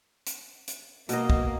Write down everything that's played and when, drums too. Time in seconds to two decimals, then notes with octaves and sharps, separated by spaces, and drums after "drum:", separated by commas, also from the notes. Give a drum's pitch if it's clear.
0.27 drum: hi-hat
0.68 drum: hi-hat
1.09 B2 A#3 D#5, drum: hi-hat
1.30 drum: kick